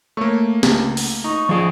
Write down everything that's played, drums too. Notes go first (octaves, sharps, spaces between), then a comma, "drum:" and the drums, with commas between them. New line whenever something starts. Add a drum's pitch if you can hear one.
A3 A#3 C#5 C#6
C#2, drum: snare
drum: open hi-hat
D#4 C#6
F3 G#4